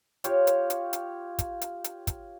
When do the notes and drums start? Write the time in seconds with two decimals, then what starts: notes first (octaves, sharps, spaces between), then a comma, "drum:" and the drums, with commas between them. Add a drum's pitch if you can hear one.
0.24 F4 G4 C#5 F5, drum: hi-hat
0.47 drum: hi-hat
0.70 drum: hi-hat
0.93 drum: hi-hat
1.39 drum: kick, hi-hat
1.61 drum: hi-hat
1.84 drum: hi-hat
2.07 drum: kick, hi-hat